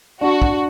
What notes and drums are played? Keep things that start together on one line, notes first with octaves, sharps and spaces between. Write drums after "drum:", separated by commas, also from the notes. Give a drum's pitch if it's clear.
D4 F#4
drum: kick